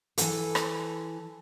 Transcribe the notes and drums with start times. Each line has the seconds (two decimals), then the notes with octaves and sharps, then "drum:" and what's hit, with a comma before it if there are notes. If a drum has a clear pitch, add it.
0.18 E3 A4, drum: hi-hat
0.55 drum: rim click